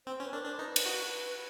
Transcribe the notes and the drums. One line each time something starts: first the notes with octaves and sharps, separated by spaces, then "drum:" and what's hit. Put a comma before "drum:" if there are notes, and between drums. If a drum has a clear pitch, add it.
C4 C5
C#4
B4
D4 A#4
D4 C5
D#4 B4
drum: cymbal
F#4